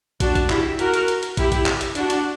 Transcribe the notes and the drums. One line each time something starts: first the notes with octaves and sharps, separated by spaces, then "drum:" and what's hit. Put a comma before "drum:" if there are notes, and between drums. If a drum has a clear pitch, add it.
D4 F#4, drum: kick, hi-hat
drum: kick, hi-hat
E4 G4, drum: clap
F#4 A#4, drum: hi-hat
drum: hi-hat
drum: hi-hat
drum: hi-hat
E4 G4, drum: kick, hi-hat
drum: kick, hi-hat
drum: clap
drum: hi-hat
D4 F#4, drum: hi-hat
drum: hi-hat